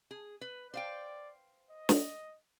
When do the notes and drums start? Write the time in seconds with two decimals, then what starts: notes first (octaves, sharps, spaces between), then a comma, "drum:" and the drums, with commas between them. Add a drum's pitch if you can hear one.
0.11 G#4
0.41 B4
0.74 C5 D5 F5 G5
1.70 D#5
1.89 drum: snare